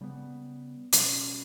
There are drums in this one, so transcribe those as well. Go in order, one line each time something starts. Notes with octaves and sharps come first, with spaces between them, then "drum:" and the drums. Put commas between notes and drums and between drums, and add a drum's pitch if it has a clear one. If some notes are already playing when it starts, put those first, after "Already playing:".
C#3 G3 B3
B2 G3 C#4, drum: hi-hat